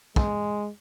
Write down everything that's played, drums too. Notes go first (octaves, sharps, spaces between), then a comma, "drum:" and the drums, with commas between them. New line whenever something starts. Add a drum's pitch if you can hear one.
G#3, drum: kick